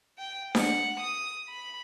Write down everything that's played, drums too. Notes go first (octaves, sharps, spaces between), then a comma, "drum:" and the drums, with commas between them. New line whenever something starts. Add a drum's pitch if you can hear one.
G5
F#5, drum: snare D4
D#6
B5